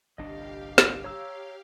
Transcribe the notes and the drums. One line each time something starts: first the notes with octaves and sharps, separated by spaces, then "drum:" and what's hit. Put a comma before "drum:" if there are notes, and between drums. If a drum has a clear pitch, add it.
G1 C2 D4 G4 D#5 F5
drum: snare
C#5 A#5 E6